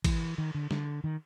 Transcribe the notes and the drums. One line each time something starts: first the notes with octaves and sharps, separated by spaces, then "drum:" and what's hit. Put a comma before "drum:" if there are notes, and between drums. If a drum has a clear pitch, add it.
E3, drum: kick, cymbal
D#3
D3
D3, drum: snare
D#3